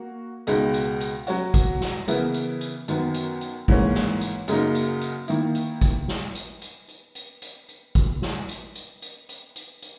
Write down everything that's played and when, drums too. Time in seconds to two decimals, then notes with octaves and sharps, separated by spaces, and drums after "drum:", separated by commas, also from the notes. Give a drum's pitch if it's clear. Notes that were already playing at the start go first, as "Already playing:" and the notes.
Already playing: A#3 F#4
0.47 C#2 B2 G#3 D#4, drum: hi-hat
0.74 drum: hi-hat
1.01 drum: hi-hat
1.27 F#3 C#4 F#4, drum: hi-hat
1.54 drum: kick, hi-hat
1.81 drum: snare
2.08 C#3 E3 B3 E4 A#4, drum: hi-hat
2.34 drum: hi-hat
2.61 drum: hi-hat
2.88 F#2 D#3 F#3 B3, drum: hi-hat
3.14 drum: hi-hat
3.41 drum: hi-hat
3.68 G#2 E3 A#3 C#4, drum: kick
3.94 drum: snare
4.21 drum: hi-hat
4.48 F#2 C#3 F#3 A#3 D#4, drum: hi-hat
4.75 drum: hi-hat
5.01 drum: hi-hat
5.28 D#3 A#3 E4, drum: hi-hat
5.55 drum: hi-hat
5.82 drum: kick, hi-hat
6.08 drum: snare
6.35 drum: hi-hat
6.62 drum: hi-hat
6.88 drum: hi-hat
7.15 drum: hi-hat
7.42 drum: hi-hat
7.69 drum: hi-hat
7.95 drum: kick, hi-hat
8.22 drum: snare
8.49 drum: hi-hat
8.75 drum: hi-hat
9.02 drum: hi-hat
9.29 drum: hi-hat
9.56 drum: hi-hat
9.82 drum: hi-hat